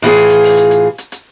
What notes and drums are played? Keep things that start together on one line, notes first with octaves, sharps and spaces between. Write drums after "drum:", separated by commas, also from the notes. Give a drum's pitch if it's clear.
A2 E3 F4 G#4
drum: hi-hat
drum: hi-hat
drum: open hi-hat
drum: hi-hat
drum: hi-hat
drum: hi-hat
drum: hi-hat